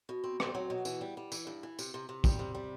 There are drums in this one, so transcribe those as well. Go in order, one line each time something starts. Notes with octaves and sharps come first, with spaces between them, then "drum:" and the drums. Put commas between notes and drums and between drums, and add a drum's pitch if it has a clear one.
B2
C4
C4, drum: rim click
F#3
B2
E3, drum: tambourine
G3
G3
E3, drum: tambourine
G2
E3
C3, drum: tambourine
C3
C3
G3, drum: kick, tambourine
C3
G3